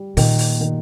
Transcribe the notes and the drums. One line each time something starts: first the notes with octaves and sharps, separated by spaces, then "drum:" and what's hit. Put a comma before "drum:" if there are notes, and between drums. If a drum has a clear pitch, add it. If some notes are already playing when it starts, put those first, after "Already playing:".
Already playing: G3
A#2 D#3, drum: open hi-hat
drum: open hi-hat
D#3